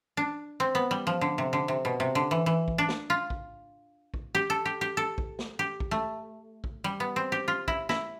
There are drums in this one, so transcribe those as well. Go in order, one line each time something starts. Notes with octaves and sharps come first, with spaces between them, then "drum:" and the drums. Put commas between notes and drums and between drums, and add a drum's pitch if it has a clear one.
D4
C4
B3
G3
F3
D3
C3
D3
C3
B2
C3
D3
E3
E3
drum: kick
D4
drum: snare
F4
drum: kick
drum: kick
G4
A4
G4
G4
A4
drum: kick
drum: snare
G4
drum: kick
A3
drum: kick
G3
B3
C4
G4
F4
E4, drum: kick
E4, drum: snare